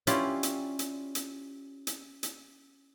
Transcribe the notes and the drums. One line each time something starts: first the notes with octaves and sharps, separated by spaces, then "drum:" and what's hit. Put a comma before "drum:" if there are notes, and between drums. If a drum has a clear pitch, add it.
C#4 E4 F4 G4 D5, drum: hi-hat
drum: hi-hat
drum: hi-hat
drum: hi-hat
drum: hi-hat
drum: hi-hat